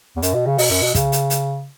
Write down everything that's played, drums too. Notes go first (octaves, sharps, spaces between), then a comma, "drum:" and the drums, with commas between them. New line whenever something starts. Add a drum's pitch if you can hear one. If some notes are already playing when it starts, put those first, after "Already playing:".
E2
F#2, drum: hi-hat
B2
C#3
B2, drum: open hi-hat
F#2
B2
C#3, drum: kick, hi-hat
drum: hi-hat
drum: hi-hat